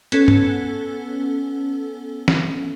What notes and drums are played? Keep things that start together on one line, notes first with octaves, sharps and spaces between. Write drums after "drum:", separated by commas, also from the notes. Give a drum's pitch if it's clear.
B3 C#4 A4, drum: hi-hat
drum: tom G#2
drum: snare